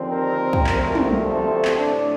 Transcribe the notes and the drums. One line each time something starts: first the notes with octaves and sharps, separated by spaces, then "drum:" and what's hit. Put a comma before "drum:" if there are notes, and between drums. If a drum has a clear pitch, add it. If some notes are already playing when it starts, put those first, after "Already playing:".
Already playing: D#2 D3 F3 C4
A#4
drum: kick
D2 C3 F3 A3 C4, drum: clap
drum: tom
A4
drum: clap
A2 F3 A3 D4